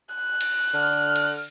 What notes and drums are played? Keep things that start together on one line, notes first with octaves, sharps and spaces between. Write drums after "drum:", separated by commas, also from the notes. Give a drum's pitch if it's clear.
F#6
drum: cymbal
D3 F6
drum: cymbal